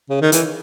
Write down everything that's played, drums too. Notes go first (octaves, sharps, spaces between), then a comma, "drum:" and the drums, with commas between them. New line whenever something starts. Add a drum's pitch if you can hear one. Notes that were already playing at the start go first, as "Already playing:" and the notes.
C#3
D#3
E3, drum: hi-hat